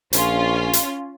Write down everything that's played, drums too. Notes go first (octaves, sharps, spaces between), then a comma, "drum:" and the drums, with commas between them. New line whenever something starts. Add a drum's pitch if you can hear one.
A#1 C#4 F4, drum: hi-hat
drum: hi-hat